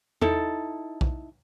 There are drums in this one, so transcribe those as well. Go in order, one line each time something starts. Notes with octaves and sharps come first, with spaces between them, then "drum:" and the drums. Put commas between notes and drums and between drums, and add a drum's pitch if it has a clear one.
D#4 E4 A4, drum: tom E2
drum: kick